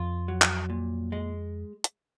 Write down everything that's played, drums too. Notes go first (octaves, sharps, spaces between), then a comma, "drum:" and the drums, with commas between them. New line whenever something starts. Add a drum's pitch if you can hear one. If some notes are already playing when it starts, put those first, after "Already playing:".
Already playing: F2 F4
F#3
drum: clap
A#2
G#3
drum: hi-hat